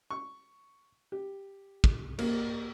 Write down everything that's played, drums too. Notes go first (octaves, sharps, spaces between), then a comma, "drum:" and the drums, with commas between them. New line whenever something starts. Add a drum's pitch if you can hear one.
C#6
G4
drum: kick
A#3, drum: cymbal